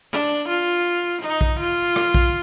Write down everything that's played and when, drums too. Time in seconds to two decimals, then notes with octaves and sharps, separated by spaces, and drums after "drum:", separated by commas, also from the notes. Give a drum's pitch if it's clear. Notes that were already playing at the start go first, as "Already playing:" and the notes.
0.12 D4
0.48 F4
1.22 D#4
1.41 drum: kick
1.59 F4
1.96 drum: rim click
2.14 drum: kick